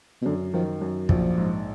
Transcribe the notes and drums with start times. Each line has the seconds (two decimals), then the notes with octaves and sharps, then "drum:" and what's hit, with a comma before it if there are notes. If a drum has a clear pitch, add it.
0.22 B2
0.26 F#2 D3
0.54 D#3 F3
0.81 F#2
1.09 A#1 F3, drum: kick
1.38 G#2